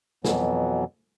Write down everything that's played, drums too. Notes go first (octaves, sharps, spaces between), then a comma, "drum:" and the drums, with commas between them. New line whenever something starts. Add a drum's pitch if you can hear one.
F2 B2 E3 F#3 B3, drum: snare